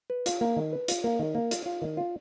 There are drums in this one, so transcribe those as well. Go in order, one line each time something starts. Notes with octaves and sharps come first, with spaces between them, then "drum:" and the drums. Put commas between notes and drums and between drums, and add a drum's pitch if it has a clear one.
B4
F4, drum: hi-hat
A#3
D#3
B4
F4, drum: hi-hat
A#3
D#3
A#3
F4, drum: hi-hat
F4
D#3
F4